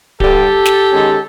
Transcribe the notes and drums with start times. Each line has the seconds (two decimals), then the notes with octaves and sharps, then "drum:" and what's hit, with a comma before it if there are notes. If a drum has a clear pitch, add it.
0.20 G2 D3 G3 G4 A4, drum: kick D1
0.65 drum: snare
0.91 D#3 G#3 C#4